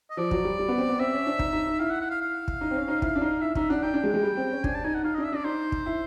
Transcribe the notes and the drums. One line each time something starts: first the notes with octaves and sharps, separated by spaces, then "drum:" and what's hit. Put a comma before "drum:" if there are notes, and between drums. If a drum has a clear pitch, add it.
D#5
F3 D5
F#3, drum: kick
G3
G3
B3
C4
B3
C4 E5
C#4
D4
D#4, drum: kick
D#4
D#4
E4 F5
F#5
F#5
F5
F5
drum: kick
D#4
C4
C#4
D#4
E4, drum: kick
D4
D#4
E4 E5
D#4 E5, drum: kick
D4 F#5
D#4 G5
D4
G#3
G#3
G3
C4
C#4
D4 G#5, drum: kick
A5
D#4 G#5
F#5
D#4 F5
D4 D#5
E5
D4 D5
D#4 C5
drum: kick
E4